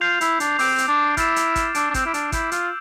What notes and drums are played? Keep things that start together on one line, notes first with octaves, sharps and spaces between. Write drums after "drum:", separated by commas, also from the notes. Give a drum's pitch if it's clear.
F4 G6 C7 F7
E4, drum: hi-hat
D4, drum: hi-hat
C4 D6 G6 D7, drum: open hi-hat
drum: hi-hat
D4
E4 F6 A6 C7 E7, drum: kick, hi-hat
drum: hi-hat
drum: kick, hi-hat
D4 E6 A6 D7, drum: hi-hat
D4
C4, drum: kick, hi-hat
E4
D4, drum: hi-hat
E4 E6 G6 D7, drum: kick, hi-hat
F4, drum: hi-hat